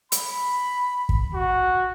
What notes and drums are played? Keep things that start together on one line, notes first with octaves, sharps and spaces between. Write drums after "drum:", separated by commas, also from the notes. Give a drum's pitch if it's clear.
B5, drum: hi-hat
drum: kick
F#4